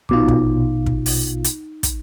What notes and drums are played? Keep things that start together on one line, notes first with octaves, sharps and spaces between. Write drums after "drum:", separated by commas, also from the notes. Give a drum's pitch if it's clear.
A#1 B2 D#4 F4 D6
drum: kick
drum: kick
drum: open hi-hat
drum: hi-hat
drum: kick, hi-hat